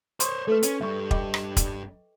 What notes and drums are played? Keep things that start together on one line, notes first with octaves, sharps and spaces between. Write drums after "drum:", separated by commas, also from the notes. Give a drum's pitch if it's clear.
C5 C#5 C6 C#6 D#6, drum: hi-hat
A3 A4 B4
C#4, drum: hi-hat
G2 G3 E5 C#6
D#5 G5 D6, drum: kick
drum: rim click
drum: kick, hi-hat